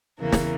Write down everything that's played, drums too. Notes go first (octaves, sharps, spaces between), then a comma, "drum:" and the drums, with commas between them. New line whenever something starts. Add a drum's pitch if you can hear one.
E2 C#3 E3 A#3 A#4
drum: snare